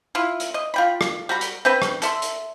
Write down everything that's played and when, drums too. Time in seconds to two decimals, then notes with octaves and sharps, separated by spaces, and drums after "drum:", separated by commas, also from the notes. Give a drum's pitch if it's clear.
0.15 E4 F4
0.40 drum: hi-hat
0.54 D#5
0.74 F4 G5 B5
1.01 drum: rim click
1.29 G3 F#4 A#5 B5
1.41 drum: hi-hat
1.65 C4 D4 B4 G5
1.82 drum: rim click
2.02 A4 E5 C6, drum: hi-hat
2.22 drum: hi-hat